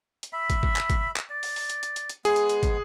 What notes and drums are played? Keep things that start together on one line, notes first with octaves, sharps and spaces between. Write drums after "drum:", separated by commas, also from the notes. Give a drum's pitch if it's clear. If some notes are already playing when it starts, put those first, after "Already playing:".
drum: hi-hat
E5 B5
drum: kick, hi-hat
drum: kick
drum: clap
drum: kick, hi-hat
drum: clap
D5
drum: open hi-hat
drum: open hi-hat
drum: hi-hat
drum: hi-hat
drum: hi-hat
drum: hi-hat
G#3 B3 G#4, drum: hi-hat
drum: hi-hat
drum: hi-hat
drum: kick, hi-hat